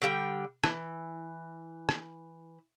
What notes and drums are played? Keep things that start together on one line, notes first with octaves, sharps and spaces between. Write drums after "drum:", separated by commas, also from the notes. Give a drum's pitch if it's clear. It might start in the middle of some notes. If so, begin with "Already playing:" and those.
D3 G3 E5 G5
E3, drum: rim click
drum: rim click